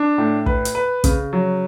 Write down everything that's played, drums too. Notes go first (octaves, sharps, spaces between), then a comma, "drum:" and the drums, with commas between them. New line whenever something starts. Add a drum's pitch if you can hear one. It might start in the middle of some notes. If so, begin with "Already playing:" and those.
Already playing: D4
A2
B4, drum: kick
drum: hi-hat
B4
C#3, drum: kick, hi-hat
F#3